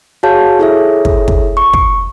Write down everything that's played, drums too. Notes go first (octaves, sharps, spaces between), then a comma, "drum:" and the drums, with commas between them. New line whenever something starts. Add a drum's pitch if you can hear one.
F#4 G#4 C#5 F5 A5 G6
E4 G#4 A4 C#5 E5
drum: kick
drum: kick
C#6
drum: kick